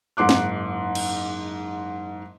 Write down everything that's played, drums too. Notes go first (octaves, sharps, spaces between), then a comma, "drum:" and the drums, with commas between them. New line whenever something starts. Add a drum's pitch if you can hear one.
F#1 G#2 C6 D6 F#6
drum: snare
drum: cymbal